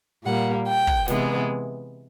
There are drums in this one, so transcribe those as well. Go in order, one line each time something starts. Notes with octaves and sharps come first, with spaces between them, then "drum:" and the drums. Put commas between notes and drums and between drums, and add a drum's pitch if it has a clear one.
A#2 G3 A#3 F#5
G5
drum: kick
C3 E3 G#3 B3, drum: snare